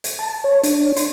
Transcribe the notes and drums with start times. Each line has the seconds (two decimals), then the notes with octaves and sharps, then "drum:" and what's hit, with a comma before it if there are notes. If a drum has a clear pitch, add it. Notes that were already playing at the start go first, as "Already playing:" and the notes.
0.04 drum: hi-hat
0.19 A5
0.44 C#5
0.63 D4, drum: hi-hat
0.96 C6, drum: hi-hat